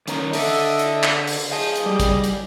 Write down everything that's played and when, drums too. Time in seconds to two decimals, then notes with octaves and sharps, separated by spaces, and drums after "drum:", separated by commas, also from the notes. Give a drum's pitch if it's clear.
0.08 D#3 C#4 A#5, drum: hi-hat
0.33 D3 A4 D#5 E5, drum: open hi-hat
0.79 drum: hi-hat
1.03 drum: clap
1.27 drum: open hi-hat
1.51 G#4 D#5 F5 A5 G6
1.75 drum: hi-hat
1.86 G3
2.00 drum: kick, hi-hat
2.24 drum: hi-hat